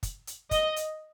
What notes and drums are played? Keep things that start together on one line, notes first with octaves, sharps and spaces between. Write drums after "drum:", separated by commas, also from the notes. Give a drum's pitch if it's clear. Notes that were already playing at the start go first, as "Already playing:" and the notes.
drum: kick, hi-hat
drum: hi-hat
D#5, drum: kick, hi-hat
drum: hi-hat